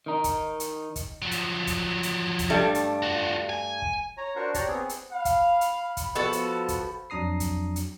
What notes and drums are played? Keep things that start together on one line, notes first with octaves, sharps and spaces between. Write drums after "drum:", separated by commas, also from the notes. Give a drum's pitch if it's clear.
D#3 D#4
drum: kick, hi-hat
drum: hi-hat
drum: kick, hi-hat
F3 F#3
drum: hi-hat
drum: kick, hi-hat
drum: hi-hat
drum: kick, hi-hat
G2 G3 A3
drum: hi-hat
F4 F#4
G#5
drum: kick
C#5 A#5
D4 F#4 A#4 C5 C#6
G4 C#5 D5 A5 A#5 C#6, drum: kick, hi-hat
B3 C4 G#4
drum: hi-hat
F5 B5
drum: kick, hi-hat
drum: hi-hat
drum: kick, hi-hat
F3 B3 F#4 A4
drum: hi-hat
drum: kick, hi-hat
F2 F#3 D4 A#5 D#6 C7
drum: kick, hi-hat
drum: hi-hat